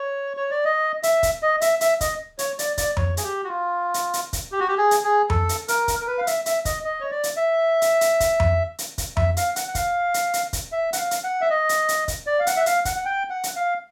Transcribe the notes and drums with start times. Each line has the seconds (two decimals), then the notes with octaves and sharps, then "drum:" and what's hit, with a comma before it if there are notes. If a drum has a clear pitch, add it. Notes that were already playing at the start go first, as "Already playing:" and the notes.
Already playing: C#5
0.37 C#5
0.51 D5
0.65 D#5
1.03 E5, drum: hi-hat
1.23 drum: kick, hi-hat
1.42 D#5
1.61 E5, drum: hi-hat
1.81 E5, drum: hi-hat
2.01 D#5, drum: kick, hi-hat
2.39 C#5, drum: hi-hat
2.59 D5, drum: hi-hat
2.78 D5, drum: kick, hi-hat
2.97 C#5, drum: tom F2
3.17 G#4, drum: hi-hat
3.24 G4
3.44 F#4
3.48 F4
3.94 drum: hi-hat
4.13 drum: hi-hat
4.33 drum: kick, hi-hat
4.52 G4
4.60 F#4
4.68 G4
4.78 G#4
4.91 drum: hi-hat
5.04 G#4
5.30 A4, drum: tom F2
5.49 drum: hi-hat
5.68 A#4, drum: hi-hat
5.88 drum: kick, hi-hat
6.01 A#4
6.07 B4
6.18 F5
6.27 E5, drum: hi-hat
6.46 E5, drum: hi-hat
6.65 D#5, drum: kick, hi-hat
6.85 D#5
7.00 C#5
7.11 D5
7.23 drum: hi-hat
7.37 E5
7.82 drum: hi-hat
8.01 drum: hi-hat
8.20 drum: kick, hi-hat
8.40 drum: tom F2
8.78 drum: hi-hat
8.98 drum: kick, hi-hat
9.17 E5, drum: tom F2
9.37 F5, drum: hi-hat
9.56 F#5, drum: hi-hat
9.68 F#5
9.75 F5, drum: kick, hi-hat
10.14 drum: hi-hat
10.33 drum: hi-hat
10.53 drum: kick, hi-hat
10.72 E5
10.93 F#5, drum: hi-hat
10.97 F5
11.11 drum: hi-hat
11.24 F#5
11.41 E5
11.50 D#5
11.69 drum: hi-hat
11.88 drum: hi-hat
12.08 drum: kick, hi-hat
12.27 D5
12.39 F5
12.47 F#5, drum: hi-hat
12.57 E5
12.66 F5, drum: hi-hat
12.85 F#5, drum: kick, hi-hat
12.96 F#5
13.05 G5
13.30 F#5
13.43 drum: hi-hat
13.56 F5